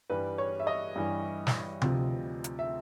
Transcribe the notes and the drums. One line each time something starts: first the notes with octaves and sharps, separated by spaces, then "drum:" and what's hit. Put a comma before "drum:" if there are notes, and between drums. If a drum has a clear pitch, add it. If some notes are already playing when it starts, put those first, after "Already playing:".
G2 E3 G3 B4
C#5
E5
D#5
G2 E3 G3
drum: snare
D2 C3 F3, drum: tom C3
drum: hi-hat
E5